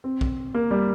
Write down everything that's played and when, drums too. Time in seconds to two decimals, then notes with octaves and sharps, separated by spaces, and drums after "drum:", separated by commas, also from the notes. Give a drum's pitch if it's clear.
0.04 C4
0.21 drum: kick A#1
0.54 A#3
0.71 G3